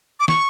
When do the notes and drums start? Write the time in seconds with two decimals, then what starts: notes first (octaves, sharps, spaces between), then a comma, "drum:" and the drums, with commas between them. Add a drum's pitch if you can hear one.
0.20 D6
0.28 C#6, drum: snare